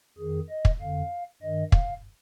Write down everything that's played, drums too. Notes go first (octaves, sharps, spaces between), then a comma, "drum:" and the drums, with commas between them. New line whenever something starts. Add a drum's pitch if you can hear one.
F2 D#3 G#4
D#5
drum: kick
F2 D3 F5
G2 D#3 D#5
F5, drum: kick